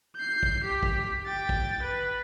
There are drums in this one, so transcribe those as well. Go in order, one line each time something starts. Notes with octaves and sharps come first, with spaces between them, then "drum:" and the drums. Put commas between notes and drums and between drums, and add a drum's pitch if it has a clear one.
G6 C7
drum: kick
G4 B6
drum: kick
G5 A6
drum: kick
B4